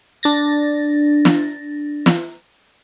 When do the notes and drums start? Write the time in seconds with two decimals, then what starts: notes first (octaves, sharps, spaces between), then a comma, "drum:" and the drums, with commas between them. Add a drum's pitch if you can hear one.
0.23 D4 A6 A#6
1.25 drum: snare
2.06 drum: snare